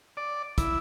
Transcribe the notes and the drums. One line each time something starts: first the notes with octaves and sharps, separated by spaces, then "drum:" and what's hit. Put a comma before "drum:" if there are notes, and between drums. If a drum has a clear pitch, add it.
D5
E4, drum: kick, hi-hat